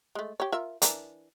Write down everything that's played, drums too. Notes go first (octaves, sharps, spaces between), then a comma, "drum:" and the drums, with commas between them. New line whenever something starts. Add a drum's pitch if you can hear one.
G#3 A3
G4 C#5
F4 A#4 E5
E3 D4 A#4, drum: hi-hat